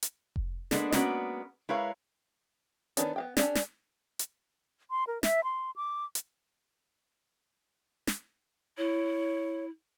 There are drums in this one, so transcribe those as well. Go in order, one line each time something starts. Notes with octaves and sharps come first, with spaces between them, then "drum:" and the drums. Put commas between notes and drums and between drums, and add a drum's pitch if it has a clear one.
drum: hi-hat
drum: kick F1
G#3 A#3 B3 D4 A4, drum: snare
G#3 A#3 B3 C#4 F#4 D5, drum: snare
G#3 E4 A#4 B4 C#5 F5
D#3 B3 C#4 D4, drum: hi-hat
B3 F5 G5
C#4 D4 G4 A4 D5, drum: snare
drum: snare
drum: hi-hat
C6
A#4
E5, drum: snare
C6
D6
drum: hi-hat
drum: snare
E4 C#5